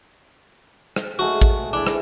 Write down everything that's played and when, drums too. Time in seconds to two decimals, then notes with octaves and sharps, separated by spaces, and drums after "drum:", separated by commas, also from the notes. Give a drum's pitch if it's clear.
0.96 drum: rim click
1.19 G#3 A3 F#4 G#4
1.41 drum: kick A1
1.73 E3 D4 E4
1.87 drum: rim click